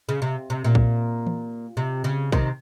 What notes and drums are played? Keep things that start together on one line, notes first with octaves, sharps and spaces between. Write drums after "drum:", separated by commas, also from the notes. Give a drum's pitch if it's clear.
C#3
C3
C3
A#2
drum: kick
drum: tom E3
C3
C#3
C3 D#3, drum: kick